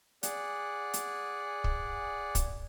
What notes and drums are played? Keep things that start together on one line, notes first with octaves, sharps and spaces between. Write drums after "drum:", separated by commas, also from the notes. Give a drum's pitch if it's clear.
G#4 D5 F#5, drum: hi-hat
drum: hi-hat
drum: kick
drum: kick, hi-hat